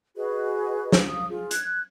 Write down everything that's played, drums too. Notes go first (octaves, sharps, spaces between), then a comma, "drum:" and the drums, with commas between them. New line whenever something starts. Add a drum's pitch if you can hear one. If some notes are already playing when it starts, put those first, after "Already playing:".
F#4 G#4 B4 D#5
drum: snare
F5 D#6
F4 G#4
F#6 G#6, drum: hi-hat